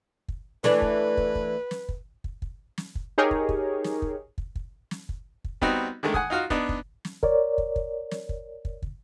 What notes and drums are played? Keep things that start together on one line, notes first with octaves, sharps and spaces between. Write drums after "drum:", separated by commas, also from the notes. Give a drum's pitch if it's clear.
drum: kick
E3 A3 D4 B4, drum: snare
drum: kick
drum: kick
drum: kick
drum: snare
drum: kick
drum: kick
drum: kick
drum: snare
drum: kick
D#4 G4 G#4 A#4 C#5
drum: kick
drum: kick
drum: snare
drum: kick
drum: kick
drum: kick
drum: snare
drum: kick
drum: kick
G3 B3 C4 D#4 F#4, drum: kick
D3 D#3 G#3 A3
F#5 G#5 D#6, drum: kick
D#4 F4 F#4 F5
B3 D4 D#4, drum: kick
drum: kick
drum: snare
A#4 C#5 D5, drum: kick
drum: kick
drum: kick
drum: snare
drum: kick
drum: kick
drum: kick